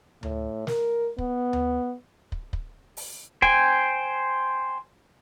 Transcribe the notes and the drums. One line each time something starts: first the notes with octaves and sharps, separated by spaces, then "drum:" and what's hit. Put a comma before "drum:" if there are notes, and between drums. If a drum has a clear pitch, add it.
A2, drum: tom D2
A#4, drum: snare
B3, drum: kick
drum: tom D2
drum: kick
drum: kick
drum: open hi-hat
C5 G5 G#5, drum: kick